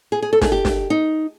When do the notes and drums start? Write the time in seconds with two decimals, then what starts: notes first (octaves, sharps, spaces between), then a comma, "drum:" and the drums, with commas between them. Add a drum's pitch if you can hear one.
0.12 G#4
0.22 G#4
0.33 A4
0.42 G#4, drum: snare
0.52 G4
0.65 drum: snare
0.90 D#4